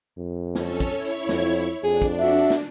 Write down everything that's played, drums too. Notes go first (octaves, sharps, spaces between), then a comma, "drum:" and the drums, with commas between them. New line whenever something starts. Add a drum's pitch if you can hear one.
F2
C#4 A4 C#5, drum: snare
drum: kick, hi-hat
E4 C#5 G#6
drum: hi-hat
F2, drum: snare
F2 D4 G#4
drum: kick, hi-hat
F#4 E5
drum: snare